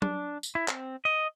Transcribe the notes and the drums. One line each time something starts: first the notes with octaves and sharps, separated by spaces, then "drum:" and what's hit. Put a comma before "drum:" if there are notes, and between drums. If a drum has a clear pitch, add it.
D4, drum: tom
drum: tambourine
E4
C4, drum: clap
D#5